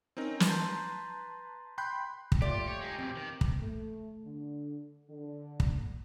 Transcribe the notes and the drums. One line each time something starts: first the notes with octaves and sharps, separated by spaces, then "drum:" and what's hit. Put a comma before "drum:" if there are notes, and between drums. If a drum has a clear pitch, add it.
C4 C#4 D#4 A#4
drum: snare
B4 A5 A#5 C6 G6
G5 B5 C6 F#6 G6
drum: kick
A3 F4 G4 D5
G4 C#5
G#3 D#4
F2 B2 C4
D#3
drum: kick
A3
D3
D3
drum: kick